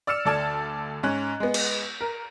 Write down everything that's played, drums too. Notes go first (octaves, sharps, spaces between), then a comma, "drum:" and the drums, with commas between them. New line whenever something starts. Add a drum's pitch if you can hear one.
D5 E6 F6 C#7 E7
D2 A4 D5 A5 G#6 E7
G#2 C#4 F#6
G#3 B3
drum: cymbal
A#4